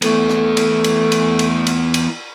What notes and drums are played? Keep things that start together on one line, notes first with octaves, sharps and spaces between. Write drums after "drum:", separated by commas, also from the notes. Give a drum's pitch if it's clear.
E3 A3 B3 A4, drum: cymbal
drum: rim click
drum: cymbal
drum: cymbal
drum: cymbal
drum: cymbal
drum: cymbal
drum: cymbal